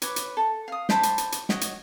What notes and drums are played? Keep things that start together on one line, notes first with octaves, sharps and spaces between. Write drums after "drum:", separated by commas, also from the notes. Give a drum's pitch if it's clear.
B4 C#5 D6, drum: hi-hat
drum: hi-hat
A4
F5 D#6
C5 D5 A5 B5, drum: snare
drum: hi-hat
drum: hi-hat
drum: hi-hat
F#4 C#5 D#5, drum: snare
drum: hi-hat